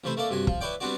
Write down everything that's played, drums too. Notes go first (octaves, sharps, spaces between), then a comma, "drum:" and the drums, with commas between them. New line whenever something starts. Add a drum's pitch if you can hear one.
A1 C3 A3 C5 B5
A3 A#3 A4 D5
G2 C3 F#4 G#5
F3, drum: kick
E4 B4 C#5 D5 G5
G3 B3 C4 D4 F#4 D5